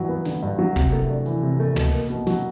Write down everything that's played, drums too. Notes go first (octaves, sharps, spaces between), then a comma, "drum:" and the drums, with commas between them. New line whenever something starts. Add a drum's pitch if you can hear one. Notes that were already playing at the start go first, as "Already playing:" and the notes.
Already playing: G2 E3 F#3
B3
D3, drum: snare
G2
F#3
C3, drum: kick
A3
D4
E3, drum: hi-hat
C3
A3
B2, drum: tom
A#3
B2
F#3, drum: snare